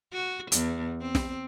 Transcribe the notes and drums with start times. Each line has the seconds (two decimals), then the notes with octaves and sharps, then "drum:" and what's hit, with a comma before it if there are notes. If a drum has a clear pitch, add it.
0.13 F#4
0.52 E2, drum: hi-hat
1.02 C4
1.15 drum: snare